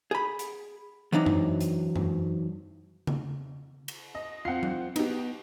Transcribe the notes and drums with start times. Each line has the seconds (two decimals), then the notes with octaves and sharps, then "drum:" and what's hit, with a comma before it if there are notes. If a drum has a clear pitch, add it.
0.11 G#4 B5
0.39 drum: hi-hat
1.12 E3 F#3 C4 D4 D#4
1.26 drum: tom F#2
1.61 drum: hi-hat
1.96 drum: tom F#2
3.07 drum: tom C#3
3.88 drum: cymbal
4.15 D#5
4.45 C4 F4 F#5 C7
4.63 drum: tom F#3
4.96 B3 D#4 G4, drum: cymbal